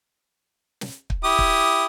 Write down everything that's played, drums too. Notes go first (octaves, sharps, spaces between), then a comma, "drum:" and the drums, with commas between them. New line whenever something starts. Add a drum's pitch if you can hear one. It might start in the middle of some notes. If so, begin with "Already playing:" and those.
drum: snare
drum: kick
E4 G4 D#6
drum: kick